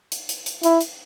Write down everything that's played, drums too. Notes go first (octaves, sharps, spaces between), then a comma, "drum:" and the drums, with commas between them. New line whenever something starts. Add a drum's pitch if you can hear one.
drum: hi-hat
drum: hi-hat
drum: hi-hat
E4, drum: hi-hat
drum: hi-hat